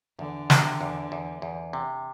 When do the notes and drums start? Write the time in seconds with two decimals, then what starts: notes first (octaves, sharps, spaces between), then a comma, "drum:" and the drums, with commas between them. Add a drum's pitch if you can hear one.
0.19 E2 D3
0.50 C3, drum: snare
0.81 E2
1.12 E2
1.42 E2
1.73 C3